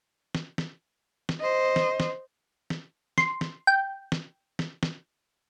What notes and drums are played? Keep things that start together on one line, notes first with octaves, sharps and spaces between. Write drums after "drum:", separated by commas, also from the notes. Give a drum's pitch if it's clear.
drum: snare
drum: snare
drum: snare
C5 D#5
drum: snare
drum: snare
drum: snare
C6, drum: snare
drum: snare
G5
drum: snare
drum: snare
drum: snare